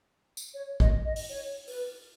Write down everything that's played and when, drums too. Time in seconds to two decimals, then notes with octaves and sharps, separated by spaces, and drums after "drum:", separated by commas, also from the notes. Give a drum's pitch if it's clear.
0.37 drum: tambourine
0.54 C#5
0.80 D#5, drum: kick
1.05 D#5
1.16 drum: open hi-hat
1.29 C#5
1.68 B4, drum: open hi-hat